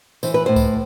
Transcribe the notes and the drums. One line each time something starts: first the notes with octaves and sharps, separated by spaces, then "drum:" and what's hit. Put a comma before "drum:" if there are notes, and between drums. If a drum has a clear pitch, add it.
E3 C5, drum: tambourine
B4
A2 C5
drum: kick C2, tambourine